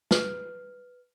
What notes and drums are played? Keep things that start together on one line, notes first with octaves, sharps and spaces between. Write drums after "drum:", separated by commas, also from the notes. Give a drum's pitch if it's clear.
B4 F6, drum: snare